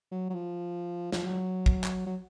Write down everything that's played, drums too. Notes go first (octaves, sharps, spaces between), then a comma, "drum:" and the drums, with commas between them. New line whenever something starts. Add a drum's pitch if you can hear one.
F#3
F#3
F3
F3, drum: snare
F#3
drum: kick A1
drum: clap
F#3